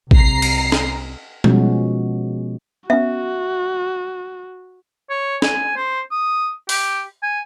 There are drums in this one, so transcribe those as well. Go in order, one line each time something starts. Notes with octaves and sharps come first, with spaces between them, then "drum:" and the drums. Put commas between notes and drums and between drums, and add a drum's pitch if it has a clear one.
C2 A#5 C7, drum: kick A1
drum: cymbal
drum: snare
B2 F3 G#3 C#4 F#4, drum: tom G3
B3 C#4 F#4 E5
C#5
G#5, drum: snare
C5
D#6
G4, drum: open hi-hat
G#5